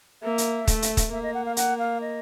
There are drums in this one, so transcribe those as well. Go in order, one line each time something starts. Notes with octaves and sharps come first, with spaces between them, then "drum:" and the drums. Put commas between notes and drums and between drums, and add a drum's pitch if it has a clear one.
A#3 E5
drum: hi-hat
A3, drum: kick, hi-hat
drum: hi-hat
drum: kick, hi-hat
A#3 E5
D#5
F#5
F5
F#5, drum: hi-hat
F5
D#5